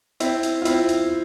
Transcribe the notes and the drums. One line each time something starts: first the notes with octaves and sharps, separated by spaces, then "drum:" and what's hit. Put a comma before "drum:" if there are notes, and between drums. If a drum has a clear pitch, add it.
C4 E4, drum: hi-hat
drum: hi-hat
F4
C4 E4, drum: hi-hat
drum: hi-hat